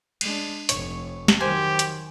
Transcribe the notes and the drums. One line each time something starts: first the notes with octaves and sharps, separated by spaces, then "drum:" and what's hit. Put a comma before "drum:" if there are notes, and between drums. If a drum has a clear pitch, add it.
G#3 D4, drum: cymbal
F1 C#5, drum: hi-hat
drum: snare
D#3 F#3 G4 C5 G#5
drum: hi-hat